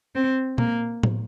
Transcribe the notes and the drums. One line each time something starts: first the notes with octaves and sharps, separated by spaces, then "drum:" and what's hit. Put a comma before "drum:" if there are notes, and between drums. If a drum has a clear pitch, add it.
C4
A#3, drum: tom
drum: tom A2